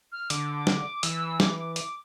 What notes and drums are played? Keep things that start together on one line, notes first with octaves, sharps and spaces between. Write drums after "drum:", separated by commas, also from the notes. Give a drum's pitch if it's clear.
F6
D3 D6, drum: hi-hat
drum: snare
E3 E6, drum: hi-hat
D6, drum: snare
D6
D6, drum: hi-hat